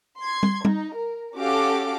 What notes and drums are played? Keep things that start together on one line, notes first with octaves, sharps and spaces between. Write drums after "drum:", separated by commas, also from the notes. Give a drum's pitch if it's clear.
C6 G#6
drum: tom
D#4, drum: tom
A#4
C#4 F#4 G4 A4 F5 D6